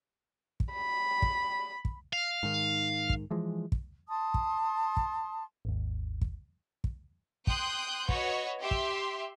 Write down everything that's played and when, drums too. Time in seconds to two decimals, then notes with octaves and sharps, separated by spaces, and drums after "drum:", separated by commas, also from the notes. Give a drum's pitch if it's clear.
0.60 drum: kick
0.73 B5
1.22 drum: kick
1.85 drum: kick
2.13 F5
2.43 G#2 D#3
3.10 drum: kick
3.31 E3 F3 G#3
3.72 drum: kick
4.09 A5 C6 D#6
4.34 drum: kick
4.97 drum: kick
5.65 G#1 D#2
6.21 drum: kick
6.84 drum: kick
7.47 G5 C6 D#6 F#6 G6, drum: kick
8.09 F#4 B4 C#5 D#5, drum: kick
8.60 G4 E5 C6
8.71 drum: kick